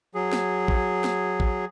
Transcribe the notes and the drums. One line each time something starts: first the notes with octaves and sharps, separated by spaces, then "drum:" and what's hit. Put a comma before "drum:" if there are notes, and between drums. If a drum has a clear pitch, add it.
F#3 G#4
drum: snare
drum: kick A#1
drum: snare
drum: kick A#1